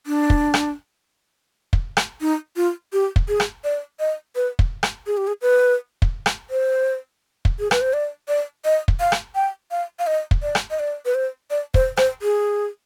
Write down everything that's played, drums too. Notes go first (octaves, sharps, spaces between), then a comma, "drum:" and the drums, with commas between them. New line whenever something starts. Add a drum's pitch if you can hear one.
D4
drum: kick
drum: rim click
drum: kick
drum: rim click
D#4
F4
G4
drum: kick
G#4
drum: rim click
D5
D#5
B4
drum: kick
drum: rim click
G#4
G4
G#4
B4
drum: kick
drum: rim click
C5
drum: kick
G#4
B4, drum: rim click
C5
D5
D5
D#5
drum: kick
F5
drum: rim click
G5
F5
F5
D#5
drum: kick
D5
drum: rim click
D#5
D5
B4
C5
D5
C5, drum: kick
C5, drum: rim click
G#4